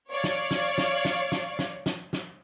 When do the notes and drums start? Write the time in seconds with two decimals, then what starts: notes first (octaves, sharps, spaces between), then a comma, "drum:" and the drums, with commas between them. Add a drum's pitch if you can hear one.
0.10 C#5 D5 F5
0.24 drum: snare
0.51 drum: snare
0.78 drum: snare
1.05 drum: snare
1.32 drum: snare
1.59 drum: snare
1.86 drum: snare
2.13 drum: snare